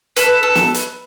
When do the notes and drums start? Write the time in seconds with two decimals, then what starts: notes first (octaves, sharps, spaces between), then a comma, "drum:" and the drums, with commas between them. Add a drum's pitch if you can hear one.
0.17 A4 B4, drum: hi-hat
0.43 A4
0.55 drum: snare
0.74 drum: hi-hat